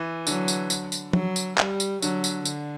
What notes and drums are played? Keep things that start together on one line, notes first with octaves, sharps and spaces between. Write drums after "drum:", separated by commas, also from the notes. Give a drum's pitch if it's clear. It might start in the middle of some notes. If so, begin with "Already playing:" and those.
Already playing: E3
D3 F#3, drum: tambourine
drum: tambourine
drum: tambourine
drum: tambourine
F#3, drum: tom F3
drum: tambourine
G3, drum: clap
drum: tambourine
D3 F#3, drum: tambourine
drum: tambourine
D3, drum: tambourine